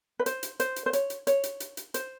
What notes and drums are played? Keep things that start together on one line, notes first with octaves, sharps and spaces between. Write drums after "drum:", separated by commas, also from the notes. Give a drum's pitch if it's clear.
B4
C5, drum: hi-hat
drum: hi-hat
C5, drum: hi-hat
drum: hi-hat
C5
C#5, drum: hi-hat
drum: hi-hat
C#5, drum: hi-hat
drum: hi-hat
drum: hi-hat
drum: hi-hat
C5, drum: hi-hat